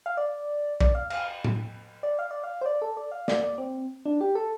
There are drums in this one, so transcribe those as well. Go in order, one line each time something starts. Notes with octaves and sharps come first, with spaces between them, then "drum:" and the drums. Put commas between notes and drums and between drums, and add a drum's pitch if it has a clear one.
F5
D5
D5, drum: kick
F5
F5, drum: cymbal
drum: tom A2
D5
F5
D5
F5
C5
D5
A4
D5
F5
D5, drum: snare
D5
C4
D4
G4
A4